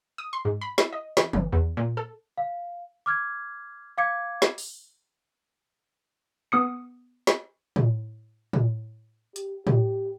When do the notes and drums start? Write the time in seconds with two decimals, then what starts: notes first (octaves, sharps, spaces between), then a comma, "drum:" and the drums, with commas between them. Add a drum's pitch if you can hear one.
0.18 D#6
0.33 C6
0.45 G#2
0.61 B5
0.78 E4, drum: snare
0.93 D#5
1.17 E3, drum: snare
1.33 G1, drum: tom
1.52 E2
1.77 A#2
1.97 A4
2.38 F5
3.06 D6 F6 G#6
3.98 F5 D6 G#6 C#7
4.42 drum: snare
4.58 drum: open hi-hat
6.52 B3 D#6 C#7
7.27 drum: snare
7.76 drum: tom A2
8.53 drum: tom A2
9.36 G4, drum: hi-hat
9.67 G4, drum: tom A2